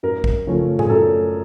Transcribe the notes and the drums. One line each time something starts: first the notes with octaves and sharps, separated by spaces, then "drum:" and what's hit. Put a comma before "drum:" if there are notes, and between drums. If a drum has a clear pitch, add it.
F#2 A#4
drum: kick A#1
C#3 F3 A3 C#4
G#4, drum: tom A2
F#2 A4